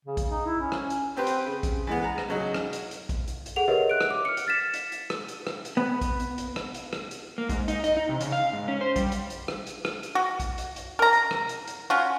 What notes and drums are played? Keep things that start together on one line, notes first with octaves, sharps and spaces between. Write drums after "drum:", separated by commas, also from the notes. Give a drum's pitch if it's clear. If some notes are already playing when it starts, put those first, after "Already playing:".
C#3
drum: kick A#1, hi-hat
D#4
E4
C#4
drum: rim click
drum: hi-hat
C4 G4 B4 C5
drum: hi-hat
C#3
drum: kick A#1, hi-hat
E3 G#3 B3
A#5
drum: rim click
C#3 F#3 D#4
drum: rim click
drum: hi-hat
drum: hi-hat
drum: kick A#1, hi-hat
drum: hi-hat
drum: hi-hat
G#4 A4 F#5 F7
G4 A#4 B4 C#5 D#5 E5
F#6 D7
drum: rim click
D6
F6 C#7
drum: hi-hat
F6 A6 B6 E7
drum: hi-hat
drum: hi-hat
drum: rim click
drum: hi-hat
drum: rim click
drum: hi-hat
B3
drum: kick A#1, hi-hat
drum: hi-hat
drum: hi-hat
drum: rim click
drum: hi-hat
drum: rim click
drum: hi-hat
A#3
G#2, drum: kick A#1, hi-hat
D#4, drum: hi-hat
D#5, drum: hi-hat
D#4
C3
C#3, drum: hi-hat
F5
G#2
C#4
C5
G3, drum: kick A#1, hi-hat
drum: hi-hat
drum: hi-hat
drum: rim click
drum: hi-hat
drum: rim click
drum: hi-hat
F#4
drum: kick A#1, hi-hat
drum: hi-hat
drum: hi-hat
A#4 A#5
drum: hi-hat
drum: rim click
drum: hi-hat
drum: hi-hat
C#4 F4 F#4